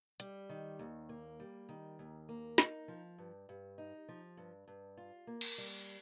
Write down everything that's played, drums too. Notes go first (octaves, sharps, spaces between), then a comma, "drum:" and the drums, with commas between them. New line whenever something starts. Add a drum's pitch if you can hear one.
G3, drum: hi-hat
D#3
D#2
A#3
G3
D#3
D#2
A#3
D#4, drum: snare
F3
G2
G2
D#4
F3
G2
G2
F4
A#3
drum: cymbal
G3